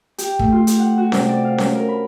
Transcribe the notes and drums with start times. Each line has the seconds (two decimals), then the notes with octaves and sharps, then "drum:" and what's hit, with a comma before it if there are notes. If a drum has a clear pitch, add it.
0.18 G4, drum: hi-hat
0.39 A3, drum: kick
0.52 F4
0.67 G4, drum: hi-hat
0.80 F#5
0.98 F#4
1.12 C3, drum: snare C#4
1.29 D5
1.45 F5
1.58 C#4, drum: snare C#4
1.75 A#4
1.89 B5